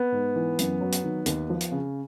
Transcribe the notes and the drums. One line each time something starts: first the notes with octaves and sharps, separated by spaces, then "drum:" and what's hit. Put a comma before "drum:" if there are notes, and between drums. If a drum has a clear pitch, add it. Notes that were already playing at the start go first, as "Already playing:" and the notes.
Already playing: B3
G#2
E3
F#2, drum: hi-hat
F#3
drum: hi-hat
D#3
D#2, drum: hi-hat
F3
drum: hi-hat
C#3